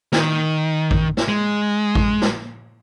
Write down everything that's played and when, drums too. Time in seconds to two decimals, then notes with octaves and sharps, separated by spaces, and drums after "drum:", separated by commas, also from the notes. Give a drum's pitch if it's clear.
0.12 D#3, drum: snare
0.91 drum: kick A1
1.17 drum: snare
1.28 G#3
1.95 drum: kick A1
2.22 drum: snare